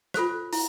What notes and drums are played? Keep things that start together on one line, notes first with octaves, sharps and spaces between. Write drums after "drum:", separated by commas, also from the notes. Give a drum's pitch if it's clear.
F4 A4 C5, drum: rim click
E4, drum: open hi-hat